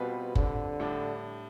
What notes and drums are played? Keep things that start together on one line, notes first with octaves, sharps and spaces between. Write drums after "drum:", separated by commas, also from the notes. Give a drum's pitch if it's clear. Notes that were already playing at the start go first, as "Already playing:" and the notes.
Already playing: B2 G3 C4 F4 B4
D3, drum: kick F#1
A2 G3 D4